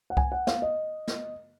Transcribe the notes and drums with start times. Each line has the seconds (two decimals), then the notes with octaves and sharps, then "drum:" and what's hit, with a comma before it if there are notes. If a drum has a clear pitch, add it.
0.10 F#5
0.17 G#5, drum: kick C2
0.32 F#5
0.47 F5, drum: snare
0.62 D#5
1.07 drum: snare